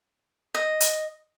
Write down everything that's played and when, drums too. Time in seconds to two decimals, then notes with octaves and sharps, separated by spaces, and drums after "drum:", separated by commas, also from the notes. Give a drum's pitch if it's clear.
0.54 D#5
0.80 drum: hi-hat